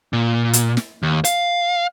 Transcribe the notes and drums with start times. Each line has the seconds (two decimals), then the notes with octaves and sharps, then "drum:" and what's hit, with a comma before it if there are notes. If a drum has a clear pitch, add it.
0.13 A#2
0.53 drum: hi-hat
0.77 drum: snare
1.03 D#2
1.24 F5, drum: hi-hat